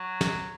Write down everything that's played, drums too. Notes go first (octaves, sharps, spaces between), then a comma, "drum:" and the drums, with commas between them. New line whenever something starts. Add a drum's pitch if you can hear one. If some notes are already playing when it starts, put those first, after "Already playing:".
Already playing: F#3
drum: snare